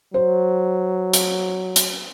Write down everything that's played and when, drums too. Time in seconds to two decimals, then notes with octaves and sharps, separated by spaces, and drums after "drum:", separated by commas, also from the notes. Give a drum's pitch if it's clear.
0.14 F#3 C5
1.13 drum: hi-hat
1.76 drum: hi-hat